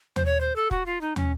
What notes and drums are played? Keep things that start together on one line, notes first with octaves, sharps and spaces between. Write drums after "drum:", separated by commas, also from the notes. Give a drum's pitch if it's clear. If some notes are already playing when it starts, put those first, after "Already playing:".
C5, drum: tom
C#5
C5
A4
F#4, drum: kick
F4
D#4
C#4, drum: tom